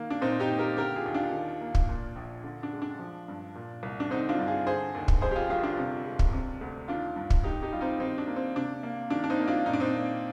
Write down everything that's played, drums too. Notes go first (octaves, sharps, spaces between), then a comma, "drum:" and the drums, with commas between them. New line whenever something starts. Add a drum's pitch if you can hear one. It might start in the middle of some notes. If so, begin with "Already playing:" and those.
Already playing: D#3 A#3
D4
A#2 C4 D#4
D#4 G4
A#3
G4 A#4
D3 G4 A#4
F4 G#4
D#2
D4 F4
D#3
A#3
drum: kick
A#2
A#1
D3
D4
G#3
D4
F3
G2
A#2
C2
D4
D3 C4 D#4
D4 F4
G2
F4 G#4
D3 G#4 C5
D#2
drum: kick
F2 G#4 C5
G4
F4 G#4
G1 F4 G#4
D4 F4
C3
G#3
drum: kick
C3
D2
D#3 D4 F4
G2
drum: kick
D#2 D#4 G4
D#4 G4
G3 F4
C4 D#4
D#3 C4 D#4
D4
A#3
C4
C3 D4
A#3
D#3 D4
D4
C4 D#4
A#3
D4 F4
A#2 D#4
D4
C4 D#4
A#3